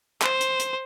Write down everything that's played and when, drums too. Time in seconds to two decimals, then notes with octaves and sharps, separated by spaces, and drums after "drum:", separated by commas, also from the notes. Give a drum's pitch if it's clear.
0.22 C5, drum: clap
0.41 drum: hi-hat
0.59 drum: hi-hat